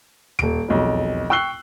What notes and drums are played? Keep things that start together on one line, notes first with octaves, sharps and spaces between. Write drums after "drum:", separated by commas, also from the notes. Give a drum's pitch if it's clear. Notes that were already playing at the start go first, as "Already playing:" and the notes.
D#1 D7, drum: tom D#2
E1 B1 F2
G5 C#6 E6 F#6 C7 G7